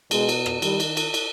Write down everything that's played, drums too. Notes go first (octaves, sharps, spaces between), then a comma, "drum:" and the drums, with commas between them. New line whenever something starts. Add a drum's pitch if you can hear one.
B2 G#3, drum: cymbal
drum: cymbal
drum: rim click
D#3 G3, drum: cymbal
drum: cymbal
drum: cymbal
drum: cymbal